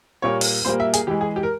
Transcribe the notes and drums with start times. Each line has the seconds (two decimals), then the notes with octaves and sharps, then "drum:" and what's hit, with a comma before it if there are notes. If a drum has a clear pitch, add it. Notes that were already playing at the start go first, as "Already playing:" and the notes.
0.22 A#2 G3 A#3 C#5
0.41 drum: open hi-hat
0.65 A#2 G3 A#3 C5
0.80 E5
0.93 G#4, drum: hi-hat
1.07 E3 G#3 G4
1.21 G#4
1.36 G4
1.43 A#4